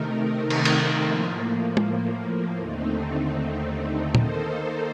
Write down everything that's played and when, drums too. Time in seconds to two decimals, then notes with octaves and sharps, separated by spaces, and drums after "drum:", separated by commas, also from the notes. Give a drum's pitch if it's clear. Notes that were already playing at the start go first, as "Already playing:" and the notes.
Already playing: C3 D#3 A3 D#4 A#4
0.50 drum: cymbal
0.65 drum: cymbal
1.03 A2 F3 A#3
1.77 drum: tom G#3
2.59 D#2 D3 A3 C4 D#4
4.15 D#3 A#3 D#4 A4 C5, drum: tom A#2